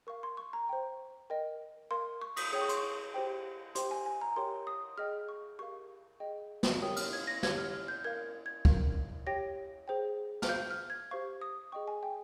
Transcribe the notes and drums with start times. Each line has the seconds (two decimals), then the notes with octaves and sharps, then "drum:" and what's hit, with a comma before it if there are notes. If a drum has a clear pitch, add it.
0.07 A#4 F5 C#6
0.23 C6
0.37 C#6
0.53 A#5
0.69 C5 G5
1.30 A#4 D#5 G5
1.91 A#4 F5 C6
2.22 C#6
2.37 D#6, drum: cymbal
2.52 G#4 C#5 G5 D#6
2.61 C#6
2.69 C6, drum: hi-hat
2.77 C#6
3.14 G4 C5 G5
3.75 G4 C5 G5 C6, drum: hi-hat
3.91 G#5
4.06 G#5
4.21 A#5
4.36 G4 A#4 C#5 G5 C6
4.67 D#6
4.98 G#4 D#5 G5 F6
5.29 C#6
5.59 G4 A#4 F5 C#6
6.20 G#4 D#5 G5
6.63 drum: snare
6.81 G4 A#4 C#5 G5 D#6
6.96 F6, drum: cymbal
7.13 G#6
7.27 A#6
7.43 G4 C#5 F5 G#6, drum: snare
7.58 F6
7.74 F6
7.88 G6
8.04 A#4 F5 G#6
8.46 G#6
8.65 A#4 F5, drum: kick
9.26 G4 C#5 G5 A#6
9.88 G#4 C5 G5
10.42 F6, drum: snare
10.49 C5 F5 G6
10.71 F6
10.90 G#6
11.11 G4 C5 F5 C#6
11.41 D#6
11.72 G#4 D#5 G5 C#6
11.88 G#5
12.03 G5